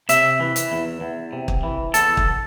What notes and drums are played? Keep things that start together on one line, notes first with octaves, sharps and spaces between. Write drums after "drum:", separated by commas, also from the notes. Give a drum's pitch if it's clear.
C3 E5, drum: hi-hat
E3
drum: hi-hat
E2
E2
C3
drum: kick
E3
E2 A4, drum: hi-hat
drum: kick